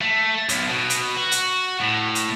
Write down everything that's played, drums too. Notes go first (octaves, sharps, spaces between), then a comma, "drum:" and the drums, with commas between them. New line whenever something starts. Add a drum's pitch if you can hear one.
A3
B1, drum: hi-hat
B2
drum: hi-hat
F#4
drum: hi-hat
A2
drum: hi-hat